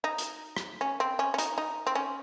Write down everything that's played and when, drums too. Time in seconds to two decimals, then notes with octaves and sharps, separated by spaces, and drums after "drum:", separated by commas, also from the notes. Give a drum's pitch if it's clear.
0.04 D#4
0.18 drum: hi-hat
0.57 drum: rim click
0.81 C#4
1.00 C4
1.19 C#4
1.34 C#4
1.38 D#4, drum: hi-hat
1.58 D#4
1.87 C4
1.95 C#4